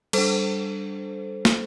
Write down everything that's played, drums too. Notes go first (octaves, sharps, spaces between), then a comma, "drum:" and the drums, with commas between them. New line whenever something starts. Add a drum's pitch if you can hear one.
G3 D4 A4 C5, drum: cymbal
drum: snare